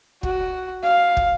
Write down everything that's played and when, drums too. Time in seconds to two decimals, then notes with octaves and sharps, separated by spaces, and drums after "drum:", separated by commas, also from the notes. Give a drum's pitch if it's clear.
0.23 F#4, drum: kick
0.83 F5
1.17 drum: kick